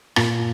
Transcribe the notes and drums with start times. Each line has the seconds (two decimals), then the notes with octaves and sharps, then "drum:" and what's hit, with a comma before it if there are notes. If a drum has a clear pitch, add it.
0.16 A#2, drum: rim click